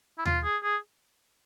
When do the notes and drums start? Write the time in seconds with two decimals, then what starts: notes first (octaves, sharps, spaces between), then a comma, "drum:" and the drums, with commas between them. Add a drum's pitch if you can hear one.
0.18 E4
0.26 F4, drum: tom D#2
0.44 G#4
0.63 G#4